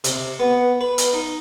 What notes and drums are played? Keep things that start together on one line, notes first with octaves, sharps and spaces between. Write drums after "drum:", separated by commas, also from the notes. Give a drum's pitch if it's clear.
C3, drum: hi-hat
B3
B4
drum: hi-hat
D#4